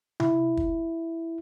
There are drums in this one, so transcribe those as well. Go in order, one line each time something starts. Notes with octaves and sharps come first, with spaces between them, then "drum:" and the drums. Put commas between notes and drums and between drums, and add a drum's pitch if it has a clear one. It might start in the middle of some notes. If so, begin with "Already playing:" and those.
E4, drum: tom C3
drum: kick